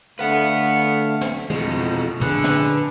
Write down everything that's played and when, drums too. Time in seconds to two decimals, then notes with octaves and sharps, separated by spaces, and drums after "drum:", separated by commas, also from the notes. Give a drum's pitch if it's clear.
0.19 D3 A3 B4 F5 F#5
1.21 drum: snare
1.50 F2 B2 G#3, drum: tom
2.21 D3 G#4 B4, drum: tom
2.44 drum: snare